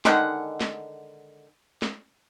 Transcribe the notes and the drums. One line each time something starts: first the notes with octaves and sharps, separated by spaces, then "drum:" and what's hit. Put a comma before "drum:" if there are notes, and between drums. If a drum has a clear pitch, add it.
D3 D#3 G#3 F#5, drum: snare
drum: snare
drum: snare